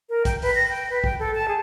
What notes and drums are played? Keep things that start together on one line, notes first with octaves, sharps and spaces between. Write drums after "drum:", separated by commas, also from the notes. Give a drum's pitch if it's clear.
A#4
G5, drum: kick, hi-hat
B4, drum: open hi-hat
A#6
G5
B4
G5, drum: kick
A4
A5
G#4